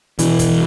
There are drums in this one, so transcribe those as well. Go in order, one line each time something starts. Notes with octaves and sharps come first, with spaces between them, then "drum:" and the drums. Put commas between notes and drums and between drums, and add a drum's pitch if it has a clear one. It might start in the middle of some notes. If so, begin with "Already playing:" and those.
B2 E3, drum: hi-hat
drum: kick, hi-hat